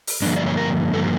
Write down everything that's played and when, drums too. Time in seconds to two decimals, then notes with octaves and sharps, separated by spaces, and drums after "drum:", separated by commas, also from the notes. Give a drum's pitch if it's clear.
0.07 drum: open hi-hat
0.22 G2 D3 F3 A#3 D4
0.36 D5
0.46 C#5
0.57 A#4
0.93 G2 D3 F3 A#3 A4